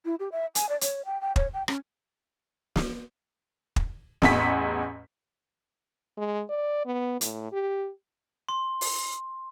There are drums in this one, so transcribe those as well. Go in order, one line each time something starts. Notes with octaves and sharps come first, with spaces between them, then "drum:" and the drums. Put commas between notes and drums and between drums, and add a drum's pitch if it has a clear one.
E4
G4
E5
G#5, drum: hi-hat
D5
C#5, drum: hi-hat
G5
G5
C#5, drum: kick
G5
C#4, drum: rim click
drum: snare
drum: kick
A1 E2 B6, drum: snare
G#3
D5
B3
A2, drum: hi-hat
G4
C6
drum: open hi-hat